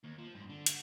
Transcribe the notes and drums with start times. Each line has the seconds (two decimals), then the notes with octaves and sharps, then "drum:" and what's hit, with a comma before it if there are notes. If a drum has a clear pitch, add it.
0.04 D#2
0.18 F3
0.35 G2 G#3
0.49 D3 D4
0.66 F#4, drum: hi-hat